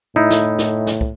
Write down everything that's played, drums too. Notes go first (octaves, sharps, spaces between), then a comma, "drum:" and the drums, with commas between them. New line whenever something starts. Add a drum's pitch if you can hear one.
A2 D#4 E4
drum: snare
drum: snare
drum: snare
drum: kick